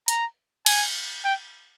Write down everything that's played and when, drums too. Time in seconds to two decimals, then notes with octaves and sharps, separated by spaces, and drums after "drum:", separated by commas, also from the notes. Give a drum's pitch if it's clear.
0.08 A#5, drum: hi-hat
0.66 G#5, drum: cymbal
1.25 G5